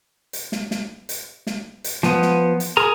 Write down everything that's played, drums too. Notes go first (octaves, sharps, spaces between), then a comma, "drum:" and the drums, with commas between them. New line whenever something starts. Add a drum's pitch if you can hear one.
drum: hi-hat
drum: snare
drum: snare
drum: hi-hat
drum: snare
drum: hi-hat
F3 B3, drum: snare
drum: snare
drum: hi-hat
G#4 A#4 A#5